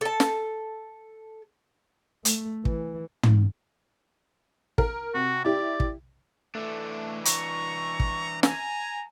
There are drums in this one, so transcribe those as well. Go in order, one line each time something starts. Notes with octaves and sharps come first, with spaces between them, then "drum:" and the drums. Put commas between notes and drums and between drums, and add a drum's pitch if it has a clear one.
A4 A5
drum: snare
A3, drum: hi-hat
E3, drum: kick
drum: tom
A#4, drum: kick
C3 F#4
E4 G4 D5
drum: kick
E3 A3 D4
A#5 C#6, drum: hi-hat
drum: kick
G#5 A#5, drum: snare